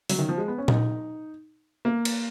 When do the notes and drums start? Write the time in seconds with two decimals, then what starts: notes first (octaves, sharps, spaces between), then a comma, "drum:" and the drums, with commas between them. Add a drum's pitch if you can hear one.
0.09 F#3, drum: open hi-hat
0.19 D#3
0.29 F3
0.38 G#3
0.48 B3
0.58 C#4
0.68 D#4, drum: tom A#2
1.85 A#3
2.05 drum: cymbal